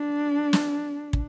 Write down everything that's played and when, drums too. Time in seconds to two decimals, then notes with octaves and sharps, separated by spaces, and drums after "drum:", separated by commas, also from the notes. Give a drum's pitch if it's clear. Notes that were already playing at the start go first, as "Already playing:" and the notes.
Already playing: D4
0.53 drum: snare
1.13 drum: kick